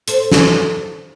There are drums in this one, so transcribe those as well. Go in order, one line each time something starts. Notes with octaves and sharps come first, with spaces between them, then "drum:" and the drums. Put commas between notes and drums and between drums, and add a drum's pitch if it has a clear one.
A4 C5, drum: hi-hat
drum: snare